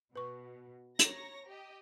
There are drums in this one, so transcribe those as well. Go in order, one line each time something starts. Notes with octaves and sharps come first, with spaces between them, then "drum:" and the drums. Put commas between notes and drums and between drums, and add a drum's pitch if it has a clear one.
B2 B4 C#6
C#5 A#5 A#6, drum: hi-hat
G4 D#5